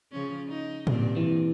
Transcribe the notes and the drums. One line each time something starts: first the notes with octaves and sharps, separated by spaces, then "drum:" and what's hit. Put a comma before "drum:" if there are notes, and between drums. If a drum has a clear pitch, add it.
C#3 F3 C#4
D#4
G2 A#2 C4, drum: tom A2
E3